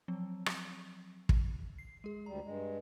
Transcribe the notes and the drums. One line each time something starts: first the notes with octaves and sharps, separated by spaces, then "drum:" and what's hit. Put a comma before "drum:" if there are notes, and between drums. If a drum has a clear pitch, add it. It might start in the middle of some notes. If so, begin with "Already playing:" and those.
F3 F#3 C4
drum: rim click
drum: kick
C7
G#3 G#4
D2 G3 A#5
G2 G#3